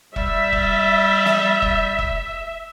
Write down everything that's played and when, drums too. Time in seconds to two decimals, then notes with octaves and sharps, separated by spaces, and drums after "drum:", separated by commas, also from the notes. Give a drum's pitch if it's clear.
0.16 G3 E5, drum: kick E1
0.53 drum: kick E1
1.26 drum: snare
1.62 drum: kick E1
1.99 drum: kick E1